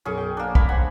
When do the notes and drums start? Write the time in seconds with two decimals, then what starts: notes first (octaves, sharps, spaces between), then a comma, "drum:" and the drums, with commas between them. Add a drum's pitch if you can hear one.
0.05 B1 F#2 C#4 G#4 C#7
0.17 G5
0.37 A#3 D4
0.55 F5 G#5 A#5 B5, drum: kick
0.69 C5 F#5 G#5